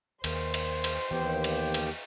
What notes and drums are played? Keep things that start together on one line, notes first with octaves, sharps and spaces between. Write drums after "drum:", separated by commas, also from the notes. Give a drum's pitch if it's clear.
D#2 A#4 C5, drum: cymbal
drum: cymbal
drum: cymbal
D#2 E3 B3 G4 G5
drum: cymbal
drum: cymbal